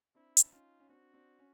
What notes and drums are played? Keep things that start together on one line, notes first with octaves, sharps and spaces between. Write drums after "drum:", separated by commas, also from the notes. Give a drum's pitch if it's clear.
C4 D4 E4
drum: hi-hat
C#4 D#4 F4
C#4
C4 D4 F#4
C4 D4
C#4